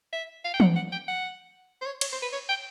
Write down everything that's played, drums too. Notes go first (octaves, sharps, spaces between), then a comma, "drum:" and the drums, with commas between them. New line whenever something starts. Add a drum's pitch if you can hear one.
E5
F5
G5
F#5, drum: tom E3
F#5
G5
F#5
C5
C#5
C#5, drum: cymbal
C5
B4
C#5
G5